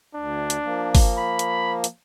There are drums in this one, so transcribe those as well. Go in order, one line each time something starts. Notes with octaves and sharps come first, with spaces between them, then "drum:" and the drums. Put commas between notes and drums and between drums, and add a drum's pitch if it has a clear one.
D2 D4
drum: hi-hat
F3 A#3
drum: kick G1, open hi-hat
B5
drum: hi-hat
drum: hi-hat